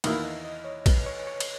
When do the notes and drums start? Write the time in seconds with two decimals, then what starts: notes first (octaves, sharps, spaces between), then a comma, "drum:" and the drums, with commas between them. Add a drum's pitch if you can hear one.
0.04 E2 D#3 A#3 E4, drum: cymbal
0.24 D#5
0.44 D#5
0.64 C#5
0.86 B4, drum: kick A#1, cymbal
1.06 C#5
1.27 C#5
1.40 drum: cymbal